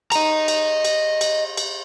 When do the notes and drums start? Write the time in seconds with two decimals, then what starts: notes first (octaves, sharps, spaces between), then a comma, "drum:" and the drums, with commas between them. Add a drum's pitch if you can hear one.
0.12 D#5 A#5, drum: cymbal
0.48 drum: cymbal
0.85 drum: cymbal
1.21 drum: cymbal
1.57 drum: cymbal